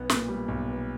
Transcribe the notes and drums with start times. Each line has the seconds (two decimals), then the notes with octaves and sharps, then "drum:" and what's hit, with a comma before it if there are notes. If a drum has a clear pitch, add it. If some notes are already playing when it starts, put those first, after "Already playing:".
Already playing: B1 B3
0.09 A#2, drum: snare
0.28 G3
0.48 B1
0.67 B3